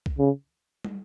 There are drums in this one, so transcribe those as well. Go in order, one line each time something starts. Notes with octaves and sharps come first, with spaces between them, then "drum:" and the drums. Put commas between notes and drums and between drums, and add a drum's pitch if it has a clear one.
drum: kick B1
C#3
drum: tom